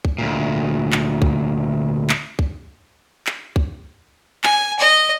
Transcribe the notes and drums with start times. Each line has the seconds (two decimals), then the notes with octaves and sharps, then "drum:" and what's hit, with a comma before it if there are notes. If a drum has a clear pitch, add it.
0.05 drum: kick
0.18 D2 A#2
0.92 drum: clap
1.22 drum: kick
2.09 drum: clap
2.39 drum: kick
3.27 drum: clap
3.56 drum: kick
4.44 G#5, drum: clap
4.79 D#5